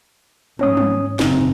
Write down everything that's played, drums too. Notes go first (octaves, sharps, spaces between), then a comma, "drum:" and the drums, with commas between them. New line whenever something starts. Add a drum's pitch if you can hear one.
G#2 C#4 C#5 D#6, drum: tom
drum: tom
F#1 C4 D#4, drum: snare